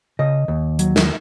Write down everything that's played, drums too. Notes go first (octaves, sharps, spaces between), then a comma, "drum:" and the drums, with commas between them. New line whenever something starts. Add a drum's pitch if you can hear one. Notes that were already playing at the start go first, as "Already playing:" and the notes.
C#3 D#5
D#2
F#3, drum: hi-hat
drum: snare